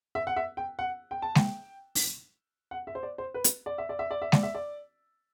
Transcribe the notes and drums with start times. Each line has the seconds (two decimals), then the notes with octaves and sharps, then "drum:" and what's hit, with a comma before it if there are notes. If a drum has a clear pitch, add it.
0.15 E5
0.27 F#5
0.36 E5
0.57 G5
0.79 F#5
1.11 G5
1.22 A5
1.35 G5, drum: snare
1.95 drum: open hi-hat
2.71 F#5
2.87 E5
2.95 C5
3.03 D5
3.18 C5
3.34 B4
3.44 drum: hi-hat
3.66 D5
3.78 E5
3.89 D5
3.99 E5
4.11 D5
4.22 E5
4.32 D5, drum: snare
4.43 E5
4.55 D5